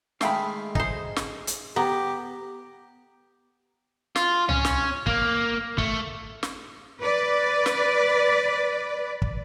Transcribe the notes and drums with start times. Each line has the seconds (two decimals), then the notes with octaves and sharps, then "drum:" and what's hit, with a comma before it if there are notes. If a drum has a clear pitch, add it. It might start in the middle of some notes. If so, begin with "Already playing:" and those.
0.21 D#3 G#3 A3 F5 G5 B5, drum: snare
0.75 D#4 G#4 C5, drum: kick
1.16 drum: snare
1.47 drum: hi-hat
1.76 B3 G4 A#5
4.16 F4, drum: snare
4.49 C#4, drum: tom C2
4.65 drum: snare
5.07 A#3, drum: kick
5.78 A3, drum: kick
6.43 drum: snare
7.00 B4 D5
7.66 drum: snare
9.22 drum: kick